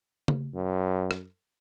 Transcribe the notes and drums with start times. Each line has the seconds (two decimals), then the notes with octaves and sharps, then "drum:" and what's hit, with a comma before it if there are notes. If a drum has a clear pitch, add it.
0.28 drum: tom C#3
0.55 F#2
1.11 drum: rim click